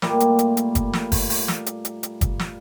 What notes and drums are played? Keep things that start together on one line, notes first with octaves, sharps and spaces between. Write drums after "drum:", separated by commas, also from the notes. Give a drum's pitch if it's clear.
A#2 G3 A3 A#3, drum: snare
drum: hi-hat
drum: hi-hat
drum: hi-hat
drum: kick, hi-hat
drum: snare
drum: kick, open hi-hat
drum: open hi-hat
drum: snare
drum: hi-hat
drum: hi-hat
drum: hi-hat
drum: kick, hi-hat
drum: snare